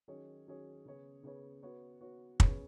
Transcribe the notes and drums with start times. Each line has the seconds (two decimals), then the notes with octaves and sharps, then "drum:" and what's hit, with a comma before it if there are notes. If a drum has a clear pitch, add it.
0.08 D#3 F#3 C#4 G#4 C#5
0.47 D#3 F#3 C#4 G#4 C#5
0.85 C#3 B3 G#4 C#5
1.23 C#3 B3 G#4 C#5
1.63 B3 F#4 C#5
2.01 B3 F#4 C#5
2.40 C#3 B3 G#4 C#5, drum: kick